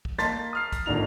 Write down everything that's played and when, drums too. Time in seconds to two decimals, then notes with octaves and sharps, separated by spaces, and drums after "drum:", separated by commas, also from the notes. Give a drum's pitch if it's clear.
0.05 drum: kick
0.18 A#3 D#5 A5 C6 A6 B6, drum: snare
0.53 D#6 F6 C7
0.72 drum: kick, hi-hat
0.86 G#1 A#2 D3 D4 D#4 F7